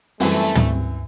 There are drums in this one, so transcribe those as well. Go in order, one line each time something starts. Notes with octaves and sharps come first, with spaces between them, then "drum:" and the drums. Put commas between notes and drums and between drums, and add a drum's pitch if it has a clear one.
F#2 E3 G3 A3 C4, drum: open hi-hat
drum: tom